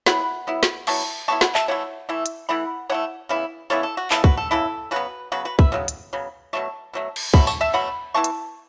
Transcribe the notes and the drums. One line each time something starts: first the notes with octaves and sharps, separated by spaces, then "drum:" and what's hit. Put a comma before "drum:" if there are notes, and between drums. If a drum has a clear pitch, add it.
F#3 B3 E4 F#5 B5, drum: snare
F#3 B3 E4
drum: snare
F#3 B3 E4 A5 C#6, drum: cymbal
F#3 B3 E4 A5 C#6
F#5 B5, drum: snare
E5 A5, drum: clap
E3 A3 E4 C#5 F#5
E3 A3 E4
drum: hi-hat
E3 A3 E4 F#5 B5
E3 A3 E4 C#5 F#5
C#3 E3 B3 E4
C#3 E3 B3 E4 A4 C#5
A4
F#4
C#3 E3 B3 E4 A4, drum: clap
F#4 B4, drum: kick
A4
C#3 E3 B3 E4 A4
C#3 F#3 B3 F#4 B4
C#3 F#3 B3 F#4 B4
F#4 B4
B4 E5, drum: kick
C#3 F#3 B3
drum: hi-hat
C#3 F#3 B3
B2 F#3 A3 A5 C#6
B2 F#3 A3
drum: cymbal
B2 F#3 A3 F#5 B5, drum: kick
A5 C#6, drum: tambourine
E5 A5
B2 F#3 A3 F#5 B5
E3 B3 E4 A5 C#6
drum: hi-hat